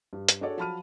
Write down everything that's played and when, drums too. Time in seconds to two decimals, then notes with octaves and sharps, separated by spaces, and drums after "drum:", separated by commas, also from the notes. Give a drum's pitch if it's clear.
0.13 G2
0.29 drum: hi-hat
0.41 D4 F#4 G#4 A4 C#5 D5
0.58 F3 F#3 A5 B5 F6 D#7